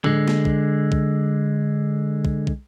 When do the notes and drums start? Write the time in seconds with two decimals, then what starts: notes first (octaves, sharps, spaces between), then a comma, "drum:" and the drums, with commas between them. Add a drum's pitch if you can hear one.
0.04 D3 G#3, drum: tom
0.28 drum: snare
0.45 drum: kick
0.92 drum: kick
2.25 drum: kick
2.47 drum: kick